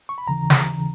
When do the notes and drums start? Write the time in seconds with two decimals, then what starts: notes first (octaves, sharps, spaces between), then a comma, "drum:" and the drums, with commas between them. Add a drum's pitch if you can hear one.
0.09 C#6
0.18 B5
0.27 D#2 C#3 E3 A#5
0.50 drum: snare
0.73 C#3 E3